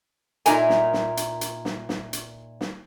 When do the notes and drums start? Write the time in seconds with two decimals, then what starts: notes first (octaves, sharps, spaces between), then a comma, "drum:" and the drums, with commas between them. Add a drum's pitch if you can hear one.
0.46 A#2 D#4 E4 A#4 G#5, drum: hi-hat
0.69 drum: snare
0.93 drum: snare
1.17 drum: hi-hat
1.41 drum: hi-hat
1.65 drum: snare
1.89 drum: snare
2.13 drum: hi-hat
2.61 drum: snare